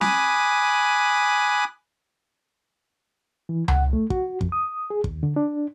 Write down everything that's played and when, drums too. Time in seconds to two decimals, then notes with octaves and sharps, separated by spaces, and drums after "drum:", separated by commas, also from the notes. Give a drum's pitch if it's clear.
0.01 G#5 B5 D6 D#6 F#6, drum: snare
3.49 E3
3.68 F#5, drum: tom C#2
3.93 A3
4.10 F#4, drum: kick
4.41 F2, drum: kick
4.52 D#6
4.90 G#4
5.04 D#2, drum: kick
5.23 D3
5.36 D4